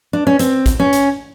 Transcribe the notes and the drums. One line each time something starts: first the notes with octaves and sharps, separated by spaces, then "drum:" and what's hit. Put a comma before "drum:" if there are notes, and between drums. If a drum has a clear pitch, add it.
D4
C#4
C4, drum: hi-hat
drum: kick G#1, hi-hat
C#4
drum: hi-hat